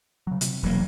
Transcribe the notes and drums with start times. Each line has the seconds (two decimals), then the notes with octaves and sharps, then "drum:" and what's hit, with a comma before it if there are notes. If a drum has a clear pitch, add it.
0.27 C#3 F#3
0.41 C3, drum: hi-hat
0.63 E1 F#3 A#3